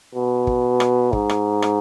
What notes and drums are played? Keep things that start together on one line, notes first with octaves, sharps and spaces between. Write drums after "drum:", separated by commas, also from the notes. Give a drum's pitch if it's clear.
B2
drum: kick
drum: rim click
G#2, drum: kick
drum: rim click
drum: rim click